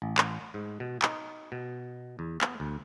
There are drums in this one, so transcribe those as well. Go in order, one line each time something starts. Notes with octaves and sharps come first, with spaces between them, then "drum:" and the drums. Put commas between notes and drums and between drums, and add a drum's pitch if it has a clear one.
A1
drum: clap
G#2
B2
D#4, drum: clap
B2
E2
B3, drum: clap
D2